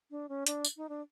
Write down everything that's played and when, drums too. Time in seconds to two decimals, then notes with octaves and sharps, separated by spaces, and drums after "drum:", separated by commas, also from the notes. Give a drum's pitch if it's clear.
0.11 D4
0.29 C#4
0.47 D4, drum: hi-hat
0.65 drum: tambourine
0.77 D#4
0.89 D4